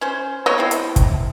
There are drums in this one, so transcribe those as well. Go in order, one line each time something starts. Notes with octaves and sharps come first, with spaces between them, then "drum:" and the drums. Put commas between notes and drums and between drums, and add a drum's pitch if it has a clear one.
C#4 C5
G#3 B3 C#5 D#5
G3 C4 E4
drum: hi-hat
drum: kick, hi-hat